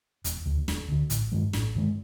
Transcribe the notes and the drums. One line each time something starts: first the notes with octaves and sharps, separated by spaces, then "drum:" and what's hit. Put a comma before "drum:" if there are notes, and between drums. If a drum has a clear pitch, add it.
E1, drum: hi-hat
D2 D3
E1, drum: snare
D2 D3
A1, drum: hi-hat
G2 D#3 G#3
A1, drum: snare
G2 D#3 G#3